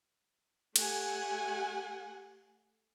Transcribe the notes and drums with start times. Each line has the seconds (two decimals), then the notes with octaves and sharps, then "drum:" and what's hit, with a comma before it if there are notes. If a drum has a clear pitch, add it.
0.76 A3 G4 F#5 G#5, drum: cymbal